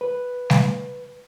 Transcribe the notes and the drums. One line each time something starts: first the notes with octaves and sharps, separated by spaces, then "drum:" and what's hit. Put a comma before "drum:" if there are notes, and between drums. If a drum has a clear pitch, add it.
B4
drum: snare